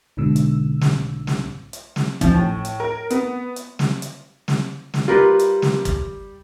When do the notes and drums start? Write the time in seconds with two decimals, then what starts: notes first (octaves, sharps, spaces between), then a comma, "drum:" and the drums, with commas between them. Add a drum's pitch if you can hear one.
0.17 B1 G#2 B2 D3 E6
0.36 drum: hi-hat
0.81 drum: snare
1.27 drum: snare
1.73 drum: hi-hat
1.96 drum: snare
2.21 F3, drum: kick, hi-hat
2.34 A2
2.65 drum: hi-hat
2.80 A#4
3.10 B3, drum: hi-hat
3.56 drum: hi-hat
3.79 drum: snare
4.02 drum: hi-hat
4.48 drum: snare
4.94 drum: snare
5.08 G3 F4 A#4 B4
5.39 drum: hi-hat
5.62 drum: snare
5.85 drum: kick, hi-hat